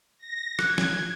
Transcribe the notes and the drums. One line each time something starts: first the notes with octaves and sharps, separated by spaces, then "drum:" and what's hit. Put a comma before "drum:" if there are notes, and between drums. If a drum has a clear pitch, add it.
A#6
F#6 G#6, drum: rim click
drum: snare